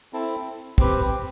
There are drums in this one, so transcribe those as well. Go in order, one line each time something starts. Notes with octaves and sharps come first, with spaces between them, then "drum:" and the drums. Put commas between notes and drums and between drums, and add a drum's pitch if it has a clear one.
C4 E4 A4
C4 G4 B4, drum: kick